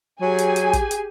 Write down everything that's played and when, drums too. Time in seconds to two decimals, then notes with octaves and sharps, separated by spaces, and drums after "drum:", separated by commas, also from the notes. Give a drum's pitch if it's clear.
0.21 F#3 G4 G#4 G#5
0.38 drum: hi-hat
0.56 drum: hi-hat
0.73 drum: kick, hi-hat
0.91 drum: hi-hat